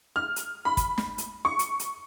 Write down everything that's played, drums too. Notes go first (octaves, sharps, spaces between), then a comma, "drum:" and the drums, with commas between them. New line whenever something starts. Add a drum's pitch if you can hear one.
F6
drum: hi-hat
B5
drum: kick, hi-hat
drum: snare
drum: hi-hat
C#6
drum: hi-hat
drum: hi-hat